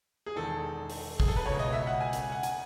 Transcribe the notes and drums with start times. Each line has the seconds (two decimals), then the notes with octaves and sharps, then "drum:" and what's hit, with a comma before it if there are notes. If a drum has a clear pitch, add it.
0.26 G#4
0.35 E1 E2 D#3 A4
0.90 drum: open hi-hat
1.20 G#4, drum: kick
1.28 A4
1.37 B4
1.46 C#2 B2 C#5
1.59 D#5
1.73 E5
1.87 F#5
2.01 G#5
2.13 drum: hi-hat
2.32 F#5
2.43 G#5, drum: hi-hat